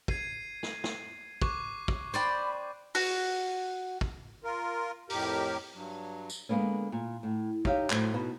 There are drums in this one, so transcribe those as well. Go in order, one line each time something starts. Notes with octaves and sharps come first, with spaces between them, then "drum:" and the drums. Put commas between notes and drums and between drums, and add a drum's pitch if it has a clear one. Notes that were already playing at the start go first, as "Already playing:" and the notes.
G#6 C7 D#7, drum: kick
drum: snare
drum: snare
C#6 D6 F#6, drum: kick
drum: kick
C5 D5 G5 B5
F#4, drum: open hi-hat
drum: kick
F4 A#4
F2 A2 G4 A#4, drum: open hi-hat
G2 F#3
drum: tambourine
D3 G#3 A#3 B3 C#4
A#2
A2
D#4 G4 C#5 E5 F5, drum: kick
A2 F#3 C5, drum: clap
B2 B3 D#4